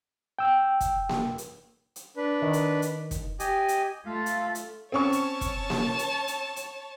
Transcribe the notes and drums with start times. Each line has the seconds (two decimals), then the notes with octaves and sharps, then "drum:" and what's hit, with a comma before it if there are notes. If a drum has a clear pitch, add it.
0.39 G5 E6
0.81 drum: kick, hi-hat
1.09 drum: snare A#3
1.38 drum: hi-hat
1.96 drum: hi-hat
2.17 D4 B4
2.42 D#3
2.53 drum: hi-hat
2.82 drum: hi-hat
3.11 drum: kick, hi-hat
3.40 G4 D#5 G#5, drum: hi-hat
3.68 drum: hi-hat
4.06 A3 F4 A4 F5
4.26 drum: hi-hat
4.55 drum: hi-hat
4.92 C4 C#4 C#5 A5 C#6
5.12 drum: hi-hat
5.41 drum: kick, hi-hat
5.70 drum: snare A#3
5.99 drum: hi-hat
6.28 drum: hi-hat
6.56 drum: hi-hat